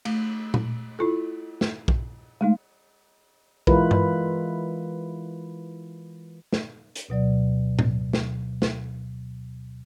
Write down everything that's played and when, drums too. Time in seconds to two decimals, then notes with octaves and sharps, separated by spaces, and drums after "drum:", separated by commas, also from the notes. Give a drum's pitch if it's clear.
0.05 A3, drum: cymbal
0.54 drum: tom A#2
0.99 E4 F4 A4
1.61 drum: snare
1.88 drum: kick
2.41 G#3 A3 D#4
3.67 E3 G#3 E4 F4 A#4 B4, drum: kick
3.91 drum: tom G2
6.53 drum: snare
6.95 drum: hi-hat
7.09 D2 B2 F#3 D5
7.79 drum: tom A2
8.13 drum: snare
8.62 drum: snare